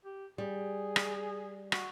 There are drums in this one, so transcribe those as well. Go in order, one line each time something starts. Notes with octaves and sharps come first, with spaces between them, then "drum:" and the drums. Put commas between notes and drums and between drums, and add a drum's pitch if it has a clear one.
G4
G3 G#4
drum: rim click
F#4, drum: rim click